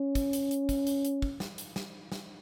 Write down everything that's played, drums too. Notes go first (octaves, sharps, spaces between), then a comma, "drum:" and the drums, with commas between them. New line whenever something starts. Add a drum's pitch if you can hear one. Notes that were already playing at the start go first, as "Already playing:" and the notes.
Already playing: C#4
drum: kick, hi-hat
drum: hi-hat
drum: hi-hat
drum: kick, hi-hat
drum: hi-hat
drum: hi-hat
drum: kick
drum: snare
drum: hi-hat
drum: snare
drum: snare